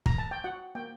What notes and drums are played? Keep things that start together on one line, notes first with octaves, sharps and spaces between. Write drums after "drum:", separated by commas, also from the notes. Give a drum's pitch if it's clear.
A#5, drum: kick
A5
G5
F#4 F#5
A#3 G5